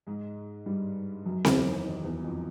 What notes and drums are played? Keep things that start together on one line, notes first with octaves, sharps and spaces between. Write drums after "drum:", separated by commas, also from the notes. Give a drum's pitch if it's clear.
G#2 G#3
G2 G3
F#2 F#3
E2 E3, drum: snare C4
D#3
D#3
E2 E3
F2 F3